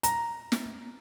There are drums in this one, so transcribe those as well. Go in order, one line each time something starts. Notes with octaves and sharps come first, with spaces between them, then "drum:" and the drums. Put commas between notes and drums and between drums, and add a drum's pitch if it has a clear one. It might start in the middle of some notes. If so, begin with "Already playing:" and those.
A#5, drum: hi-hat
drum: snare